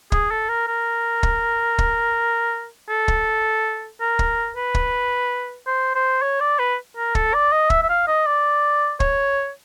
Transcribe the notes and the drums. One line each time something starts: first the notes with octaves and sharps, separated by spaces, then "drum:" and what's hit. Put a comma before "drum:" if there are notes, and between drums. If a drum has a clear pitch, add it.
G#4, drum: kick
A4
A#4
A#4
drum: kick
drum: kick
A4
drum: kick
A#4
drum: kick
B4
drum: kick
C5
C5
C#5
D5
B4
A#4
A4, drum: kick
D5
D#5
E5, drum: kick
E5
F5
D#5
D5
C#5, drum: kick